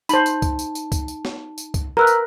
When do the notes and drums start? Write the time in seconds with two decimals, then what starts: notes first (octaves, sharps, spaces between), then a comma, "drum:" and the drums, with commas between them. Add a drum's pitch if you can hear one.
0.09 D#4 C5 A5 B5, drum: tambourine
0.26 drum: tambourine
0.42 drum: kick, tambourine
0.59 drum: tambourine
0.75 drum: tambourine
0.92 drum: kick, tambourine
1.08 drum: tambourine
1.25 drum: snare
1.58 drum: tambourine
1.74 drum: kick, tambourine
1.97 A#4 B4 A#5 E6 F#6
2.07 drum: tambourine